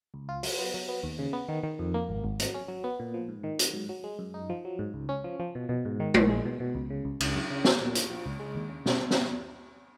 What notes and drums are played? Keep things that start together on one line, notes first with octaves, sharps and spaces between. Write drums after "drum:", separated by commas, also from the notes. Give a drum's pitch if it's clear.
C#2
F4
F#3, drum: open hi-hat
B3
F#3
B3
D#2
C#3
B3
D#3
D#3
F2
A#3
G#1
G#1
F#3, drum: hi-hat
C#4
F#3
B3
A#2
F3
G#2
D#3
F#3, drum: hi-hat
G#2
F#3
G#3
F#2
D#4
F3
F#3
G#2
C#2
C#4
F3
F3
B2
B2
G#2
D#3
A#1, drum: tom G#3
G#3
B2
B2
C#2
C#3
C#2
C#2, drum: cymbal
F#2
C#3
C#4, drum: snare
A#2
F3, drum: hi-hat
F3
C#2
G#3
D#2
C#3
B2, drum: snare
drum: snare